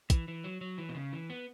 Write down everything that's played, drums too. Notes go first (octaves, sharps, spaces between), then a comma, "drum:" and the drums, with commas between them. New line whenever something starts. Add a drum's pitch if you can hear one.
E3, drum: kick, hi-hat
E3
F#3
F#3
E3
B2
C#3
E3
B3